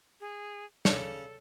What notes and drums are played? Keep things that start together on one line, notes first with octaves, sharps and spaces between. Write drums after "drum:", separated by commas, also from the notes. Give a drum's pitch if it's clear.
G#4
C#3 C#4 A4 C#5 C#7, drum: snare